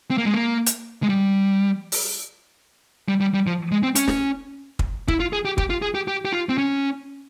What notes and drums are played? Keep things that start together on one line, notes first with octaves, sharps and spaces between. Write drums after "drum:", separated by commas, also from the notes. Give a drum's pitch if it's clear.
C4
A#3
G#3
A#3
drum: hi-hat
G#3
G3
drum: open hi-hat
G3
G3
G3
F3
G#3
C4
C#4, drum: hi-hat
drum: snare
drum: kick
E4, drum: kick
F4
G#4
G4
G4, drum: kick
F4
G#4
G4
G4
G4
F4
C4
C#4